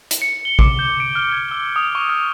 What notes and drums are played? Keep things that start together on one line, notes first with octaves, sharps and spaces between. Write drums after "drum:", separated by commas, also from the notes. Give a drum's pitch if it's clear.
drum: hi-hat
C#7
G7
D6, drum: kick
G6
D7
F6
G#6
E6
D#6
C#6
F6